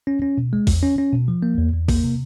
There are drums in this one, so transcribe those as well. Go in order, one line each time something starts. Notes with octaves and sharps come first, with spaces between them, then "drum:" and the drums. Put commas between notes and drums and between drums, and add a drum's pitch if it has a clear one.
C#4
C#4
B2
G#3
E2, drum: kick, open hi-hat
C#4
C#4
B2
F3
A#3
E2
E2
A#3, drum: kick, open hi-hat
C3